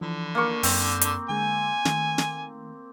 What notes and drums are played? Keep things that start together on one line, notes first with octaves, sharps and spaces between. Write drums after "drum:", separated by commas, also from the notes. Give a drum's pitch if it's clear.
D3 E3 F3 B5
A#3 C#6
F#2 C4, drum: open hi-hat
drum: hi-hat
D3 G#3 G#5
D#3 A3, drum: snare
drum: snare